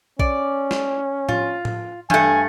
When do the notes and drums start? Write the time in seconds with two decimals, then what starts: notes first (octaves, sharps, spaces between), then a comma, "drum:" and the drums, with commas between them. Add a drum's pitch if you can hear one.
0.19 C#4 D5, drum: kick A#1
0.71 drum: snare
1.29 F4, drum: tom A2
1.65 drum: tom A2
2.10 G2 A3 G#5, drum: tom E3